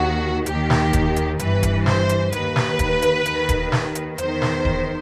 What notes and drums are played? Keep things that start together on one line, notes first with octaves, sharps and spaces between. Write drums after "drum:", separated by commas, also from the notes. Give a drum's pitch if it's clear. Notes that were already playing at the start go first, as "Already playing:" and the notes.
Already playing: D#2 D#3 F#4
D#2 D#3 G4, drum: hi-hat
drum: snare
drum: kick D#1, hi-hat
drum: hi-hat
G1 G2 E3 B4, drum: hi-hat
drum: kick D#1, hi-hat
C5, drum: snare
drum: hi-hat
D#2 D#3 B4, drum: hi-hat
drum: snare
drum: kick D#1, hi-hat
drum: hi-hat
D#2 D#3, drum: hi-hat
drum: kick D#1, hi-hat
drum: snare
drum: hi-hat
E2 D#3 C5, drum: hi-hat
drum: snare
drum: kick D#1